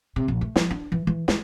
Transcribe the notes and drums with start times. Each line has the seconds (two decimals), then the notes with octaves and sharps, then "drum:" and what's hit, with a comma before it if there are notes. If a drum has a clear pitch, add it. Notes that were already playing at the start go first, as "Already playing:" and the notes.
0.16 C3
0.28 A#1
0.41 A3
0.56 F3, drum: snare
0.71 D4
0.92 E3
1.07 E3
1.28 G#3, drum: snare